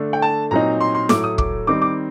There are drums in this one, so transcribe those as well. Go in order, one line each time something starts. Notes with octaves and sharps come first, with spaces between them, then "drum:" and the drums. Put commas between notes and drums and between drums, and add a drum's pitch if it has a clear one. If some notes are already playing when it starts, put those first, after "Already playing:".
Already playing: D3 A3 D4
G5
A5
A#2 F#3 C4 D#4 A#5
C6
C6
A2 F#3 A3 D6, drum: snare E4
D#6
D6, drum: kick
D#3 G3 C4 D#4 D6
D6